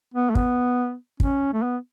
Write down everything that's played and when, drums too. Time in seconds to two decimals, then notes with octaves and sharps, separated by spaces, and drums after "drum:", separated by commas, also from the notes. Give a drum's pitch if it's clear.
0.14 B3
0.30 A3
0.35 B3, drum: kick
1.20 C#4, drum: kick
1.53 A3
1.62 B3